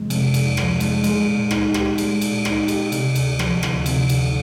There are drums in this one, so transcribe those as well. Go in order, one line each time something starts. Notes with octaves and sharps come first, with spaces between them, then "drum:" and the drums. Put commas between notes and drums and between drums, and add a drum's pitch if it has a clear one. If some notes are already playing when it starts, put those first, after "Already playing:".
Already playing: F2 C3 F3 G#3
C3, drum: cymbal
F2, drum: cymbal
F3, drum: rim click
G#3, drum: cymbal
G#3, drum: cymbal
A#2
D#4, drum: rim click
G4, drum: rim click
G#3, drum: cymbal
A#2, drum: cymbal
D#4, drum: rim click
G4, drum: cymbal
C3, drum: cymbal
D2, drum: cymbal
F3, drum: rim click
D2, drum: rim click
C3, drum: cymbal
D2, drum: cymbal